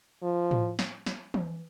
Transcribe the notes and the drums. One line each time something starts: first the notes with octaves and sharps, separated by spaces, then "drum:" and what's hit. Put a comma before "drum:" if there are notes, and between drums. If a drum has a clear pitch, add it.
F3
drum: tom A2
drum: snare
drum: snare
drum: tom E3